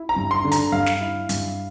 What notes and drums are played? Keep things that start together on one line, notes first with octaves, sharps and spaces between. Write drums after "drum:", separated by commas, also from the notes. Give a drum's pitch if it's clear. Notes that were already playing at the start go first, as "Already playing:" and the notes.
Already playing: E4
A#5
G2
C6
D3
A#5, drum: hi-hat
G2 F5
drum: snare
E4
G2, drum: hi-hat